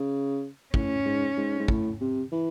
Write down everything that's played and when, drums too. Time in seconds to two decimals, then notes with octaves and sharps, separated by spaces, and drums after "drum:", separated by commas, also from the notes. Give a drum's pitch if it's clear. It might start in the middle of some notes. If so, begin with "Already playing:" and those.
Already playing: C#3
0.74 A2 C#4, drum: kick
1.06 G#2
1.37 G#2
1.59 G#2
1.68 A2, drum: kick
2.01 C3
2.32 E3